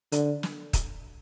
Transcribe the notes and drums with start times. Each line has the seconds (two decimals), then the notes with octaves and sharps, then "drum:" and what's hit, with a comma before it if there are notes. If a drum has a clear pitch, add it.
0.12 D3, drum: hi-hat
0.43 drum: snare
0.73 drum: kick, hi-hat